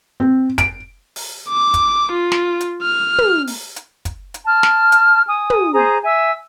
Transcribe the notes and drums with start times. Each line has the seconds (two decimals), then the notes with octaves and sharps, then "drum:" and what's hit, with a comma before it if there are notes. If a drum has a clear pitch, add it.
0.20 C4
0.58 D7, drum: kick, hi-hat
1.16 drum: open hi-hat
1.49 D6
1.74 drum: kick, hi-hat
2.12 F4
2.32 drum: snare
2.61 drum: hi-hat
2.82 F6
3.18 drum: tom
3.47 drum: open hi-hat
3.76 drum: hi-hat
4.05 drum: kick, hi-hat
4.34 drum: hi-hat
4.45 A5 F6
4.63 drum: snare
4.92 drum: hi-hat
5.27 G#5 D#6
5.50 drum: tom
5.72 G#4 C5 A#5 D#6
6.04 E5 G#5 E6